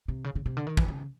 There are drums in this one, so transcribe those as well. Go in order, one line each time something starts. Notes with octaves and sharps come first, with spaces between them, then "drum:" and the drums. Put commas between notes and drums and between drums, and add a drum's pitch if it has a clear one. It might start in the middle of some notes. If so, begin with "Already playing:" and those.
C3
C#3
C#3
C3
D3
D#3
E3, drum: kick
C#3